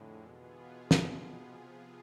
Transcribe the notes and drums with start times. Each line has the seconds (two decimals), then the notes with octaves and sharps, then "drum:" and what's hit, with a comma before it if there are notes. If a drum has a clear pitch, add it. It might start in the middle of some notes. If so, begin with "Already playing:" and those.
Already playing: F2 A2 D3 G#3
0.27 B2 E3 B3 F4 G#4
0.91 drum: snare
1.00 C3 F3 B3 F4 G#4